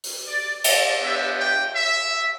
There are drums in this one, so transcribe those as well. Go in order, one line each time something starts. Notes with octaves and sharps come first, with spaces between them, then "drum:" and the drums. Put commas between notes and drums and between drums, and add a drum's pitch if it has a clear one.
drum: open hi-hat
D5
D5, drum: cymbal
B3 D4 G4 E5
G5
E5